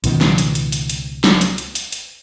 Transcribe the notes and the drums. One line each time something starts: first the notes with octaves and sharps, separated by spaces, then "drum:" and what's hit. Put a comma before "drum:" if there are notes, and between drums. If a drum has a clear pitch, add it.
C#2 B2 D#3 B3, drum: hi-hat
drum: snare
drum: hi-hat
drum: hi-hat
drum: hi-hat
drum: hi-hat
drum: snare
drum: hi-hat
drum: hi-hat
drum: hi-hat
drum: hi-hat